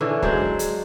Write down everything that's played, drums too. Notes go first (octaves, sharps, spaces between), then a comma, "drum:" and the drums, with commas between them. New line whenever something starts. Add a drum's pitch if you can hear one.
D3 E3 C#4 D4
F#3 G#3 C5 D5, drum: kick
drum: hi-hat